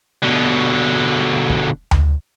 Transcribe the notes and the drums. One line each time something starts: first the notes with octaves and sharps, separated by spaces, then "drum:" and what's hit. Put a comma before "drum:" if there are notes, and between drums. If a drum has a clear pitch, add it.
B2 D3
drum: kick
drum: tom D2